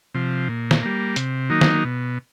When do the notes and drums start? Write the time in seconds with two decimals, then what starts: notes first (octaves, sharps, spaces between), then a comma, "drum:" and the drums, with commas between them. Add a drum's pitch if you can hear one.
0.14 C3 F3
0.49 A#2
0.71 drum: snare
0.83 G3 A#3
1.16 C3, drum: hi-hat
1.50 D#3 F#3 A#3 D#4
1.61 drum: snare
1.84 B2